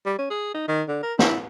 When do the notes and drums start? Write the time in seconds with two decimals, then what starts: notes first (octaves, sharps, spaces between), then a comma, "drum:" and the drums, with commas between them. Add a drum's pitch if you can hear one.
0.06 G3
0.19 C#4
0.30 G#4
0.54 D#4
0.68 D#3
0.88 D3
1.03 A#4
1.19 E4, drum: snare